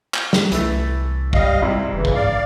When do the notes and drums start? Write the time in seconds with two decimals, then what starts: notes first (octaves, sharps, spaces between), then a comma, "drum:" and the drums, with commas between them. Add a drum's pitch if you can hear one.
0.14 drum: clap
0.33 drum: snare
0.52 C2 E3 A3, drum: hi-hat
1.33 G3 D#5 F5, drum: kick
1.62 G#2 C3 G3 E4
1.93 F1 C#3 E3
2.05 drum: kick
2.14 G#2 D5 F5